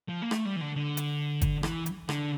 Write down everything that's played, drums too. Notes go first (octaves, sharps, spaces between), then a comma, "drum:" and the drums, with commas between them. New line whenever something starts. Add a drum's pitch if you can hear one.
F3
A#3
A3, drum: rim click
G3
E3
D3
D3
drum: hi-hat
drum: kick, hi-hat
E3, drum: rim click
drum: hi-hat
D3, drum: rim click